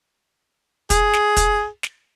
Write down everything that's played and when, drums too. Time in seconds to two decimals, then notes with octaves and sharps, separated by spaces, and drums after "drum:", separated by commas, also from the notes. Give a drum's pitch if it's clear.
0.90 G#4, drum: kick, hi-hat
1.13 drum: snare
1.37 drum: kick, hi-hat
1.83 drum: snare